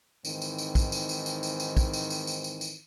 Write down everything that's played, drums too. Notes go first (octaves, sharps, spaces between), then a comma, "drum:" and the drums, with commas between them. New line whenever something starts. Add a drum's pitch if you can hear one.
G#2 D#3 E3 C4, drum: tambourine
drum: tambourine
drum: tambourine
drum: kick, tambourine
drum: tambourine
drum: tambourine
drum: tambourine
drum: tambourine
drum: tambourine
drum: kick, tambourine
drum: tambourine
drum: tambourine
drum: tambourine
drum: tambourine
drum: tambourine